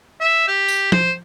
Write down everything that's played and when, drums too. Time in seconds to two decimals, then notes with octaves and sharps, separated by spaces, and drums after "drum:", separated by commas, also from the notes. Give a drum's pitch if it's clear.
0.21 E5
0.48 G4
0.68 drum: tambourine
0.92 C5, drum: tom